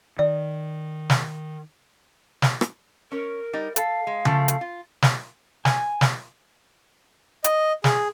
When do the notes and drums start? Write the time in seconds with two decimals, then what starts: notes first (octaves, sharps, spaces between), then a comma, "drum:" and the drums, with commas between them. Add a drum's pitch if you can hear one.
0.19 D#3 D5
1.10 drum: snare
2.42 drum: snare
2.61 drum: rim click
3.12 C#4 A#4 C#5
3.53 G3 D#4
3.76 A4 F5, drum: hi-hat
4.07 G#3
4.25 C#3 F3 A3, drum: tom C#3
4.48 drum: hi-hat
4.61 F4
5.02 drum: snare
5.65 G#5, drum: snare
6.01 drum: snare
7.44 D#5, drum: hi-hat
7.84 G#4, drum: snare